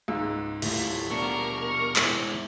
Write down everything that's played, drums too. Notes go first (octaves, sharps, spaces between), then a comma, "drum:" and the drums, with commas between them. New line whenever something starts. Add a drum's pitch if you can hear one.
C#2 G#2 E6
D#1 A2 A3 F4, drum: cymbal
B2 D4 A#4 C#6
G#3 E4, drum: clap